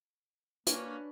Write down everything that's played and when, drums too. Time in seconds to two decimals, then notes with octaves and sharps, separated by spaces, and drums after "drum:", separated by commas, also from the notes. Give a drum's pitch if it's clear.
0.67 A#3 C#4 D4 F#4 B4 D5, drum: hi-hat